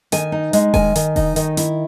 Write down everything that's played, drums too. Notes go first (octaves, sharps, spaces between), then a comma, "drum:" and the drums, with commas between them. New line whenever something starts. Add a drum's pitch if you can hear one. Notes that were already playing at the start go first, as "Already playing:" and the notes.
D#3 G#5, drum: hi-hat
D#4
G#3, drum: hi-hat
D#3 G#5, drum: kick E1, open hi-hat
D#3, drum: hi-hat
D#4, drum: kick E1, open hi-hat
D#3, drum: hi-hat
E4, drum: hi-hat